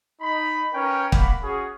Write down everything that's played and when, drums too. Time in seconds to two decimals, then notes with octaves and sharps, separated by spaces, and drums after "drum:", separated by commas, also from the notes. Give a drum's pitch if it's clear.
0.21 D#4 B5
0.73 C#4 A#4 B4 G5
1.12 A#3 F#5 B5, drum: kick
1.43 C#4 F#4 G#4